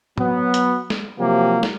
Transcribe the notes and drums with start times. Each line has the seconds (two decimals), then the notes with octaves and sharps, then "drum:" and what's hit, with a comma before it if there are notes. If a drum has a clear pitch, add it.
0.18 F#3 B3, drum: tom
0.54 drum: hi-hat
0.90 drum: snare
1.19 C3 F3 F#3 A#3 G4
1.63 drum: snare